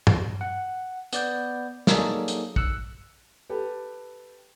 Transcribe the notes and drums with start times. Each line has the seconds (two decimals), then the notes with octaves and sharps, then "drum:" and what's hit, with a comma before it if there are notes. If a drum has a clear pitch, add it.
0.07 drum: tom
0.41 F#5
1.13 B3 D5 G6, drum: hi-hat
1.87 F#3 A#3 D#4 G#4 A4 D5, drum: snare
2.28 drum: hi-hat
2.56 E6 F#6 C#7, drum: kick
3.49 G4 A4 B4